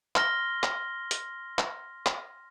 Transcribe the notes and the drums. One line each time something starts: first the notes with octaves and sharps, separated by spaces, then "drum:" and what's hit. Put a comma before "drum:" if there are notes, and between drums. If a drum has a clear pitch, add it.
C6 F6 A#6 G7, drum: clap
drum: clap
drum: hi-hat
drum: clap
drum: clap